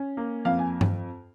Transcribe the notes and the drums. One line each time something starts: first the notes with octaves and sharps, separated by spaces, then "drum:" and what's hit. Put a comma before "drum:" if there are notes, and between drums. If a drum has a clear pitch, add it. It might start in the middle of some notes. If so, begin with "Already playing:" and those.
Already playing: C#4
A#3
F2 F5
G#5
drum: tom G2